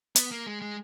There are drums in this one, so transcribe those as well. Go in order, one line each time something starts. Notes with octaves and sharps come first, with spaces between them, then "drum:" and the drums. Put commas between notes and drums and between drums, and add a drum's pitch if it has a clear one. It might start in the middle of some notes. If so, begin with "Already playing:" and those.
B3, drum: hi-hat
A#3
G#3
G#3